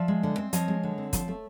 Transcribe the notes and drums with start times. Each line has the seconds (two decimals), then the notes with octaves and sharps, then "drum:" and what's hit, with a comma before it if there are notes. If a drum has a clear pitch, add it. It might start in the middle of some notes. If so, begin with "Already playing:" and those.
Already playing: F3 D5 E5
0.08 G#3
0.23 D3
0.38 C4
0.53 F3 C#5 D#5, drum: hi-hat
0.68 G#3
0.83 D3
0.98 C4
1.13 F3, drum: kick, hi-hat
1.28 A3